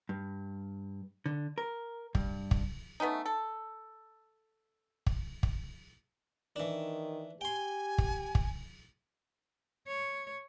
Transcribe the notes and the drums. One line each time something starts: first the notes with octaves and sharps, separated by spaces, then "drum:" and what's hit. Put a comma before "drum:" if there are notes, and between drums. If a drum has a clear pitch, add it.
G2
D3
A#4
G2, drum: kick
drum: kick
A3 B3 C#4 D#4
A4
drum: kick
drum: kick
D#3 E3 D4
G4 G5 G#5 C6
drum: kick
drum: kick
C#5